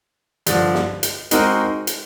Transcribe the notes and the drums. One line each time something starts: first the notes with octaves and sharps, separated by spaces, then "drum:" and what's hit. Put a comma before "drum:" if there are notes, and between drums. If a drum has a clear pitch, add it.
G2 D3 F3, drum: hi-hat
drum: snare
drum: hi-hat
G#3 C4 D#4 F#4 A#4, drum: hi-hat
drum: hi-hat